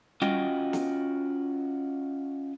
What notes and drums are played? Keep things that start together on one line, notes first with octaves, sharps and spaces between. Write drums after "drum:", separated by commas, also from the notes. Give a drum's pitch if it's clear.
C#4 F4 F#4 D#5 G5, drum: tom G3
drum: snare